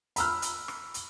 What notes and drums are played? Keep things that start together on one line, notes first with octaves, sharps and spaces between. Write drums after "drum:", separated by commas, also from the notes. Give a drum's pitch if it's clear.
B5 E6 F6, drum: hi-hat
drum: hi-hat
drum: rim click
drum: hi-hat